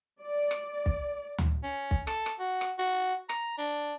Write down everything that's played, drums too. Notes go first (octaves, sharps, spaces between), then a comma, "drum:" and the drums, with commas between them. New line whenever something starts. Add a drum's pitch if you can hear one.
D5
drum: rim click
drum: kick
drum: tom D2
C#4
drum: kick
A4, drum: rim click
drum: rim click
F#4
drum: rim click
F#4
A#5, drum: rim click
D4